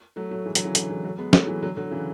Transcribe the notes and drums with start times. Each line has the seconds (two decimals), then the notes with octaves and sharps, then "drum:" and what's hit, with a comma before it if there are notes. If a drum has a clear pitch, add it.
0.16 F#3 A3
0.31 F#3 A3
0.46 E3 G#3
0.55 D3 F#3, drum: hi-hat
0.65 C#3 E3
0.75 D3 F#3, drum: hi-hat
0.90 E3 G#3
1.04 F#3 A3
1.18 G#3 B3
1.33 F#3 A3, drum: snare
1.47 E3 G#3
1.62 D3 F#3
1.77 D3 F#3
1.91 C#3 E3